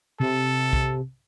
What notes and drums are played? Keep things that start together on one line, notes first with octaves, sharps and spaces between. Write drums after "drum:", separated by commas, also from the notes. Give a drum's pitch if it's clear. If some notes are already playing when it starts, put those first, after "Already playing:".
C3 A4
drum: kick B1